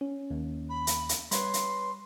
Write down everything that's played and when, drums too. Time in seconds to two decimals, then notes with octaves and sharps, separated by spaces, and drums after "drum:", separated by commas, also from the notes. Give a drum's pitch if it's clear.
0.01 C#4
0.30 D#2
0.70 B5
0.87 drum: hi-hat
1.09 drum: hi-hat
1.31 G3 B4 C#5 B5 C6, drum: hi-hat
1.54 drum: hi-hat